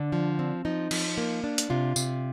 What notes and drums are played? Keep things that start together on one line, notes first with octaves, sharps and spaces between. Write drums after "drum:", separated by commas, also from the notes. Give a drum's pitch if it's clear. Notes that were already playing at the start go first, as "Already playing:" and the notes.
Already playing: D3 D4
F3
C4
F3 D#4
F3, drum: cymbal
A#3
D4
drum: hi-hat
C3 F4
C3, drum: tambourine